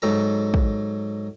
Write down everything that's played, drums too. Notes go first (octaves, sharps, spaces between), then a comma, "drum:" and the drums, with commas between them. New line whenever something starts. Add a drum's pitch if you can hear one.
G#2 F#3 A4 A#5
drum: kick